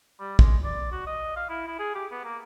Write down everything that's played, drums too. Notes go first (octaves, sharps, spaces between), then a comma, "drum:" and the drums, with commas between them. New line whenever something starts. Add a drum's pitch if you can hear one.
G3
G#3, drum: kick
D5
F#4
D#5
F5
E4
E4
G#4
G4
B3
A#3